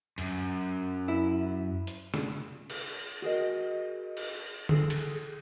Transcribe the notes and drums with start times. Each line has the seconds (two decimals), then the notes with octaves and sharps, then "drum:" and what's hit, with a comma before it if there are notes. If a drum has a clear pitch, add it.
0.18 F#2, drum: cymbal
1.08 E4
1.87 drum: hi-hat
2.14 drum: snare
2.70 drum: cymbal
3.22 F#4 G#4 A#4 D#5
4.17 drum: cymbal
4.69 G#4 A4, drum: tom D3
4.90 drum: cymbal